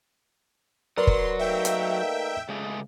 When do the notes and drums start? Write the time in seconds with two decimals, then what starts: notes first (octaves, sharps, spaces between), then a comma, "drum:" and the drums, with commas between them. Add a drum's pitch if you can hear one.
0.98 F#3 A#4 B4 D5 C6
1.07 drum: kick
1.39 A3 A#3 D#4 E5 G5
1.65 drum: hi-hat
2.49 C#3 G#3 A3